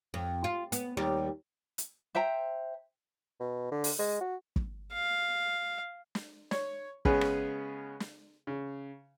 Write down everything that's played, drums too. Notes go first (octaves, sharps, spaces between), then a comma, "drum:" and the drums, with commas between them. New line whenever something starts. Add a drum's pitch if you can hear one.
F2
F4
B3, drum: hi-hat
D#2 G3
drum: hi-hat
C5 E5 G5 A#5
B2
D3
drum: open hi-hat
G#3
F#4
drum: kick
F5
drum: snare
C#5, drum: snare
C#3 G#3 B3 C#4 G#4 B4, drum: kick
drum: rim click
drum: snare
C#3